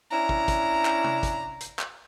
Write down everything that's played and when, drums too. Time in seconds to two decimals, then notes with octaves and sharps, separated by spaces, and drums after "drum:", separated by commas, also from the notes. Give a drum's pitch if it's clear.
0.11 C#4 D4 E4 A#5
0.29 drum: kick
0.48 drum: kick, hi-hat
0.85 drum: clap
1.04 drum: tom
1.23 drum: kick, hi-hat
1.60 drum: hi-hat
1.79 drum: clap